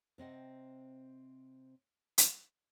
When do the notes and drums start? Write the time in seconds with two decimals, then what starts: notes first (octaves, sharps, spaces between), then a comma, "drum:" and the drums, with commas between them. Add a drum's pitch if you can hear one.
0.18 C3 C4 D#5 F#5
2.18 drum: hi-hat